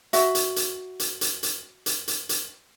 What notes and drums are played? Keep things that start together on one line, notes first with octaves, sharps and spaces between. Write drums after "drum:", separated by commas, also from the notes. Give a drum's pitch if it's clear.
F#4 E5, drum: hi-hat
drum: hi-hat
drum: hi-hat
drum: hi-hat
drum: hi-hat
drum: hi-hat
drum: hi-hat
drum: hi-hat
drum: hi-hat